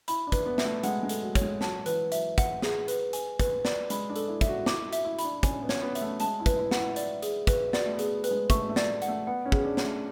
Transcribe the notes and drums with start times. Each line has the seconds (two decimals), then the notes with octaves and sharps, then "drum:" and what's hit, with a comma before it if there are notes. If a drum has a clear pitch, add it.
0.08 E4 B5, drum: hi-hat
0.27 D4
0.32 B4, drum: kick, hi-hat
0.46 B3
0.58 E5, drum: snare
0.65 A3
0.83 G#3 F#5, drum: hi-hat
1.03 G#3
1.09 A4, drum: hi-hat
1.22 F#3
1.35 C#5, drum: kick, hi-hat
1.41 G#3
1.61 F#3 A5, drum: snare
1.86 E3 B4, drum: hi-hat
2.12 F#3 E5, drum: hi-hat
2.38 F#5, drum: kick, hi-hat
2.62 G#4, drum: snare
2.88 B4, drum: hi-hat
3.13 G#5, drum: hi-hat
3.40 B4, drum: kick, hi-hat
3.65 D5, drum: snare
3.90 G#3 B5, drum: hi-hat
4.10 D4
4.16 A4, drum: hi-hat
4.28 E4
4.41 E5, drum: kick, hi-hat
4.48 F#4
4.66 E4 D6, drum: snare
4.87 F#4
4.92 E5, drum: hi-hat
5.05 E4
5.19 B5, drum: hi-hat
5.24 D4
5.43 C#4 G#5, drum: kick, hi-hat
5.62 B3
5.69 C#5, drum: snare
5.82 B3
5.95 E5, drum: hi-hat
6.02 A3
6.20 G#3 A5, drum: hi-hat
6.40 E4
6.46 B4, drum: kick, hi-hat
6.59 E4
6.71 F#5, drum: snare
6.78 E4
6.96 D5, drum: hi-hat
7.22 G#4, drum: hi-hat
7.47 B4, drum: kick, hi-hat
7.73 F#4 D5, drum: snare
7.86 A3
7.93 B3
7.99 G#4, drum: hi-hat
8.24 B4, drum: hi-hat
8.31 G#3
8.50 A3 C#6, drum: kick, hi-hat
8.69 A3
8.76 D5, drum: snare
8.88 A3
9.02 F#5, drum: hi-hat
9.08 A3
9.27 B3 F#5
9.45 C#4
9.52 G#4, drum: kick
9.65 D4
9.77 C#5, drum: snare
9.84 A3